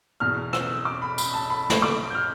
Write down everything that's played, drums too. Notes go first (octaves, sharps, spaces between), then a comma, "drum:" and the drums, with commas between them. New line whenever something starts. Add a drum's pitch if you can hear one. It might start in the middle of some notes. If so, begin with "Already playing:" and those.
E2 B2 F6
E6, drum: rim click
D6
B5
B5, drum: tambourine
A5
B5
drum: snare
D6
G6
F6